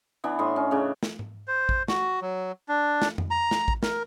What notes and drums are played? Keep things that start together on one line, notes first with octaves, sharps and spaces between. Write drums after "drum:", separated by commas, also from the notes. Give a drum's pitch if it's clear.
E3 B3 D4
A2 D4 D#5 C6
C#4
C#3 D4
drum: snare
drum: tom G#2
C5
drum: kick A1
F#4, drum: snare
F#3
D4
drum: snare
drum: tom F2
A#5
drum: snare
drum: kick A1
A#4, drum: snare